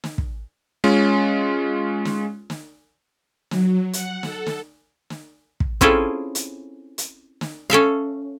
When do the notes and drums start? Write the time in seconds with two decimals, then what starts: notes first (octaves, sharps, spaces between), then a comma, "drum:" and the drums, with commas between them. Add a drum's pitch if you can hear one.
0.04 drum: snare
0.18 drum: kick
0.84 G#3 C#4 F4
2.05 drum: snare
2.50 drum: snare
3.51 F#3, drum: snare
3.93 F#5, drum: hi-hat
4.23 A4, drum: snare
4.46 drum: snare
5.10 drum: snare
5.60 drum: kick
5.81 C4 C#4 E4 F4 G#4 A4, drum: kick
6.35 drum: hi-hat
6.98 drum: hi-hat
7.41 drum: snare
7.70 C#4 A4 E5 F5